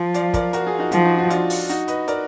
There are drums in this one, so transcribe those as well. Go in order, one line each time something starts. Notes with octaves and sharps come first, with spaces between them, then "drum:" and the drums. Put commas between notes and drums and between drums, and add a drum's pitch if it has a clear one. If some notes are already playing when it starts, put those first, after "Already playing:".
Already playing: F3
D5 F5, drum: hi-hat
A#4 D5, drum: kick, hi-hat
F#4 A#4, drum: hi-hat
F4 G#4
D#4 F#4
F3 D#4 F#4, drum: hi-hat
D#4 F#4
D#4 F#4
D4 F4, drum: hi-hat
drum: open hi-hat
D#4 F#4, drum: hi-hat
B4 D#5, drum: hi-hat
A#4 D5, drum: hi-hat